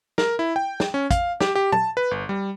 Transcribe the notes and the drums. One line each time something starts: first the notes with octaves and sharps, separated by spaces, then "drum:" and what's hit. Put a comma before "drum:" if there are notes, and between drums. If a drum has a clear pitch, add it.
A#4, drum: snare
E4
G5
drum: snare
C#4
F5, drum: kick, hi-hat
G4, drum: snare
G4
A5, drum: tom
B4
G1
G3